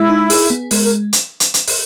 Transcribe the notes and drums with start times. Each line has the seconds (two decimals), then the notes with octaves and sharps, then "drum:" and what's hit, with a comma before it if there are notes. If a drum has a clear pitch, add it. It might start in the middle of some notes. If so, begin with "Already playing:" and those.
Already playing: G#3 E4
0.09 D#4
0.30 G#4, drum: open hi-hat
0.50 B3
0.71 G#3 A#4, drum: open hi-hat
0.82 A#4
1.13 drum: hi-hat
1.40 drum: hi-hat
1.54 drum: hi-hat
1.68 drum: open hi-hat